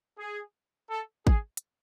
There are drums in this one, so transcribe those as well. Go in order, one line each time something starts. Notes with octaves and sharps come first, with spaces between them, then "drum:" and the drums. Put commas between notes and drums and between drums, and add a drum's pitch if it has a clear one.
G#4
A4
G#4, drum: kick G#1
drum: hi-hat